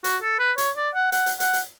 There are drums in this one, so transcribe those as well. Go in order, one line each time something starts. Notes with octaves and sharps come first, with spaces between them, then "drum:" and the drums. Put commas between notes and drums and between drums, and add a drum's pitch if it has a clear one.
F#4, drum: hi-hat
A4
B4
C#5, drum: hi-hat
D5
F#5
F#5, drum: hi-hat
drum: hi-hat
F#5, drum: hi-hat
drum: hi-hat